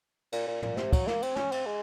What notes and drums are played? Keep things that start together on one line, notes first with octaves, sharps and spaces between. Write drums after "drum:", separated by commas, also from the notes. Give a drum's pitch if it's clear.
A#2, drum: cymbal
A#2
A#2, drum: tom
C3, drum: snare
F#3, drum: kick, cymbal
A#3, drum: snare
C4, drum: cymbal
C#4, drum: snare
C4, drum: cymbal
G#3